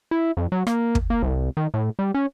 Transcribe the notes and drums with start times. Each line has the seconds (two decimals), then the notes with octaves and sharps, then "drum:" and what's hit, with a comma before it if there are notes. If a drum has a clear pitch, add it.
0.11 E4
0.37 F2
0.52 F#3
0.67 A#3, drum: rim click
0.95 drum: kick
1.10 A#3
1.22 C2
1.57 D#3
1.74 A2
1.99 G3
2.14 C#4